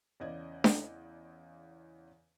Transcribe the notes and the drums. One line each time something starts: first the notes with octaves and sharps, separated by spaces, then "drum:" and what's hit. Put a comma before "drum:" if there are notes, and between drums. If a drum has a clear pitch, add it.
E2 C#3 D5 D#5 G#6
drum: snare D4